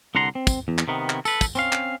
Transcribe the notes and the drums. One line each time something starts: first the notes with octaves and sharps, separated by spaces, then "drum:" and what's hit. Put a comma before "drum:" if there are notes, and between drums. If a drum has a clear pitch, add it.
C2 D3 F#5 A#5 C6
C4
drum: kick, tambourine
E2
drum: clap
C3 D#3 B3
drum: clap
A4 B4, drum: tambourine
drum: kick, tambourine
C4 C#4 F5, drum: tambourine
drum: clap